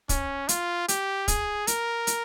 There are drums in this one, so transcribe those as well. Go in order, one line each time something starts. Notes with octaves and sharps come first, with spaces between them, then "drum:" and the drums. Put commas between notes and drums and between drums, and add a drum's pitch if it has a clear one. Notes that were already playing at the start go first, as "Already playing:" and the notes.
C#4, drum: kick, hi-hat
F4, drum: hi-hat
G4, drum: hi-hat
G#4, drum: kick, hi-hat
A#4, drum: hi-hat
drum: hi-hat